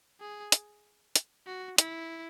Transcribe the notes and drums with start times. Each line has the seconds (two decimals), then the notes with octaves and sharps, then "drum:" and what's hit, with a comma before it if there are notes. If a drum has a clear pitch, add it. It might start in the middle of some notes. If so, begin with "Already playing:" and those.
0.21 G#4
0.52 drum: hi-hat
1.16 drum: hi-hat
1.47 F#4
1.78 E4, drum: hi-hat